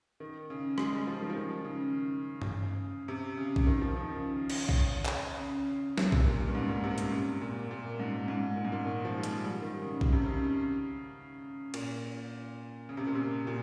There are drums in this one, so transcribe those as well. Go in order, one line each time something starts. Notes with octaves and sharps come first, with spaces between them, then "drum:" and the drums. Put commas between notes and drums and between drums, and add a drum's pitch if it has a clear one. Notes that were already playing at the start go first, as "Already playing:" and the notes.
D#3
C#3
G#3, drum: rim click
G3
F3
D#3
F3
D#3
C#3
drum: tom G2
C3
C#3
drum: kick A#1
D#3
F3
D#3
C#3
drum: cymbal
drum: kick A#1
drum: clap
C#3
C3, drum: snare
A#2
C3, drum: kick A#1
A#2
G2
G#2
A#2
C3
C#3, drum: hi-hat
C3
A#2
A#2
G#2
G#2
A#2
G#2
A#2
D#3
F3
G3
G#3, drum: hi-hat
G3
D#3
C#3
C#3, drum: kick A#1
C3
C#3
A#2, drum: cymbal
C#3
C3
A#2
C3
A#2